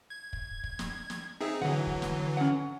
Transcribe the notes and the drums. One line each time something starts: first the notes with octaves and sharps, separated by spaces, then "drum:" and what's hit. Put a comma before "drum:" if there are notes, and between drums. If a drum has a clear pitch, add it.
G#6
drum: kick
drum: kick
drum: snare
drum: snare
C4 D#4 G#4 E5
D3 E3 F#3 F#5
drum: kick
drum: snare
C#4 F#5